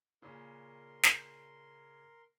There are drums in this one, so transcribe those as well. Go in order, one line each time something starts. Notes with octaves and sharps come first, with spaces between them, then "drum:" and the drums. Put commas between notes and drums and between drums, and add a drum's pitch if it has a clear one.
A#2 C#3 C#4 A#4 C6
drum: snare